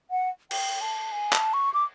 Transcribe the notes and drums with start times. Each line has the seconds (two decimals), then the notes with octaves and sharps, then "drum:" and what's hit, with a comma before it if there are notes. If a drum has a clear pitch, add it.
0.11 F#5
0.51 G5, drum: cymbal
0.81 A5
1.12 G#5
1.33 A5, drum: clap
1.53 C#6
1.74 D6